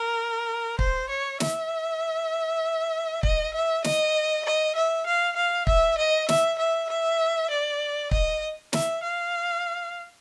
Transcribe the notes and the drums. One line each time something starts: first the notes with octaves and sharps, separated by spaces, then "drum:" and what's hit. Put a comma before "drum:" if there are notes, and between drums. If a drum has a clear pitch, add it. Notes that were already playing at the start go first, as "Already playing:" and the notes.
Already playing: A#4
C5, drum: kick
C#5
E5, drum: snare
D#5, drum: kick
E5
D#5, drum: snare
D#5
E5
F5
F5
E5, drum: kick
D#5
E5, drum: snare
E5
E5
D5
D#5, drum: kick
E5, drum: snare
F5